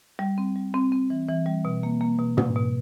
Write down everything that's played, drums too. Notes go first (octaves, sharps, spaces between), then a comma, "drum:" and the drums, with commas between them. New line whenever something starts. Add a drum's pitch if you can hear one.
G3
C4
G3
C4
C4
E3
E3
G3
B2
A#3
A#3
B2
B2, drum: tom
B2